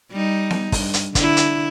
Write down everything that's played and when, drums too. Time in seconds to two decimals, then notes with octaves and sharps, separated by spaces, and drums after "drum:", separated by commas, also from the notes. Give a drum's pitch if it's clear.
0.11 G3 D#4
0.50 drum: snare B3
0.72 G2, drum: kick, open hi-hat
0.94 drum: hi-hat
1.15 D3 E4, drum: kick, hi-hat
1.37 drum: hi-hat